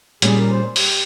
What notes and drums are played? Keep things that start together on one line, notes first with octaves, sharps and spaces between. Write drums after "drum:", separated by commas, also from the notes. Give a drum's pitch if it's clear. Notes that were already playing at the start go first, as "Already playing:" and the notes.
A#2 G3 C#4 G#4, drum: hi-hat
A#4
C5
G4, drum: open hi-hat